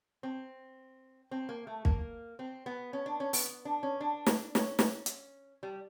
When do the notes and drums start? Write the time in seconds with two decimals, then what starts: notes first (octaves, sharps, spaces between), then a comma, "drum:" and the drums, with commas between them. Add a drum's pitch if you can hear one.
0.23 C4
1.31 C4
1.49 A#3
1.67 A3
1.85 A#3, drum: kick
2.39 C4
2.66 B3
2.93 C#4
3.06 D4
3.20 C#4
3.33 B3, drum: open hi-hat
3.65 D4
3.83 C#4
4.01 D4
4.26 drum: snare
4.55 C#4, drum: snare
4.79 drum: snare
5.06 drum: hi-hat
5.63 G3